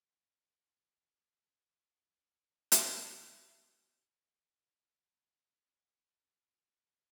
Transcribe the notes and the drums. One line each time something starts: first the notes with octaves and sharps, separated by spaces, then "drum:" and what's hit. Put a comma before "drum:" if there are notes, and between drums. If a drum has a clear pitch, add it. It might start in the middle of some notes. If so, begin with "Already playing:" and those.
F3 G#4
drum: hi-hat
B2 E3 G#3 C4 E4
C#7